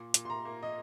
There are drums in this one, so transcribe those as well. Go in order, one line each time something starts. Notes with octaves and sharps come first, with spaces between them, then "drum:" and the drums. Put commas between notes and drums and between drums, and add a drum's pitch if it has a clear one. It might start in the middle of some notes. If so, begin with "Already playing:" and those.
Already playing: A#2
A#2, drum: hi-hat
C6
A#5
A#3
D#5